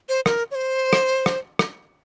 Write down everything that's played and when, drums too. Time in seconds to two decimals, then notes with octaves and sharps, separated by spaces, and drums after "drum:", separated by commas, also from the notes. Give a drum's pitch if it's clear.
0.09 C5
0.26 A#4, drum: rim click
0.51 C#5
0.55 C5
0.93 drum: rim click
1.26 drum: rim click
1.59 drum: rim click